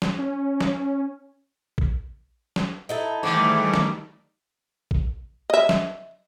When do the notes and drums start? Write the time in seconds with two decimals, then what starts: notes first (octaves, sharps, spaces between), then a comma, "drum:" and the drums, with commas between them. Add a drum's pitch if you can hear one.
0.02 drum: snare
0.19 C#4
0.61 drum: snare
1.78 drum: kick
2.56 drum: snare
2.89 D#4 E4 A4
3.23 G#2 D#3 E3 G3 A3 G5 C#6 D6
3.74 drum: snare
4.91 drum: kick
5.50 D#5 E5
5.69 drum: snare